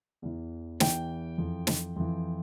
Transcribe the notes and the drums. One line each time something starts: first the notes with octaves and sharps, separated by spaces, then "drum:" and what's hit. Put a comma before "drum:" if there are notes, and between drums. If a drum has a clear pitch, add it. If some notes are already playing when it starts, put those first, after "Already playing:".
E2 E3
E2 E3 G5, drum: snare
F2 E3
drum: snare
F2 E3